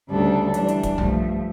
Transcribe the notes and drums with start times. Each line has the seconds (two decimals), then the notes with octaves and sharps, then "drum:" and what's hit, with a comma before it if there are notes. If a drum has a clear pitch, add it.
0.09 D2 C#3 G3 D4 A4
0.54 E3 G3 D4, drum: hi-hat
0.68 drum: hi-hat
0.83 drum: kick, hi-hat
0.98 G2 F3 A3, drum: tom B1